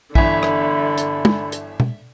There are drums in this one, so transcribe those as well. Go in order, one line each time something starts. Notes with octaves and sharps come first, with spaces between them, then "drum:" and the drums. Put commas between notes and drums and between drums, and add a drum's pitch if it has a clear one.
G1 D3 E3 E5 B5, drum: kick
drum: rim click
drum: hi-hat
drum: tom
drum: hi-hat
drum: tom B2